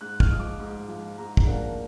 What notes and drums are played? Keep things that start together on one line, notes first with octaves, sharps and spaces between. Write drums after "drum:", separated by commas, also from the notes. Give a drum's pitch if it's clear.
G#2 F#6
F6, drum: kick
F3 G#3 D#6
D6
G#2
F3 G#3
G#2 A#5
drum: kick
F3 A#3 D4 F#5